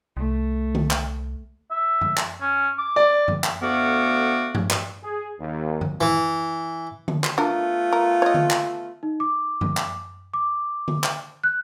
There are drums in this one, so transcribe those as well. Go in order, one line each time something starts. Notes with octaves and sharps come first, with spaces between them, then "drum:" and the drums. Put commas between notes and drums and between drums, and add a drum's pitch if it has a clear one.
C2 A3
drum: tom D3
drum: clap
E5
drum: tom
drum: clap
C#4
D6
D5
drum: tom
drum: clap
D2 A3 B3 F#4 F5 D6
drum: tom
drum: clap
G#4
D#2
drum: tom
E3
drum: tom D3
drum: clap
A3 B3 D4 F4 F#4 A#4
A#4
C#5 D#5
drum: tom D3
drum: clap
D#4
D6
drum: tom
drum: clap
D6
drum: tom D3
drum: clap
F#6